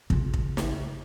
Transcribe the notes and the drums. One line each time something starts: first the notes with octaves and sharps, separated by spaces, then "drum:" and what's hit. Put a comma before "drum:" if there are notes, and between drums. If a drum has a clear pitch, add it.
C#3 F4, drum: kick
drum: kick
drum: snare